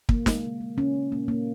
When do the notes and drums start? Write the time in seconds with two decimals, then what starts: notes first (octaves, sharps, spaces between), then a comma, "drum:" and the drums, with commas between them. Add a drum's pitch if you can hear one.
0.09 D#3 A#3, drum: kick
0.26 G#3, drum: snare
0.44 C#3
0.61 G#3
0.77 C#3 C#4
0.94 G#3
1.11 A#2 A#3
1.28 A#3